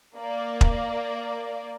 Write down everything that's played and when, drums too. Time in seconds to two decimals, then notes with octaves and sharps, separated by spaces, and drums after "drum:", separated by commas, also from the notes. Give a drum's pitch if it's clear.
0.17 A#3 D5
0.61 drum: kick